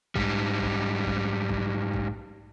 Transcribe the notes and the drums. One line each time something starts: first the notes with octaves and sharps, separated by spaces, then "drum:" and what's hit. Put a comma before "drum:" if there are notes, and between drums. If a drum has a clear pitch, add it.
G#2 G3, drum: kick
drum: kick
drum: kick
drum: kick
drum: kick